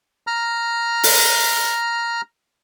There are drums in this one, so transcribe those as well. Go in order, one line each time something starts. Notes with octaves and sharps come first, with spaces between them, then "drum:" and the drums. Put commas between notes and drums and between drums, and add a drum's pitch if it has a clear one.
A#5 F6
drum: open hi-hat